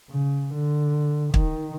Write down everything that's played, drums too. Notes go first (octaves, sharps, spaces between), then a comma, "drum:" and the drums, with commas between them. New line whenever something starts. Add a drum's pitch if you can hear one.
C#3
D3
D#3, drum: kick